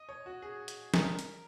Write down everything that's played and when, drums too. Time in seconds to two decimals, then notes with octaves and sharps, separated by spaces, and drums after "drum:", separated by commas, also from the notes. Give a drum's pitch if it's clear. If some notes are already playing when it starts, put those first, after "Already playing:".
Already playing: D#5
0.09 C#5
0.26 F#4
0.42 G#4
0.68 drum: hi-hat
0.94 A#4, drum: snare
1.19 drum: hi-hat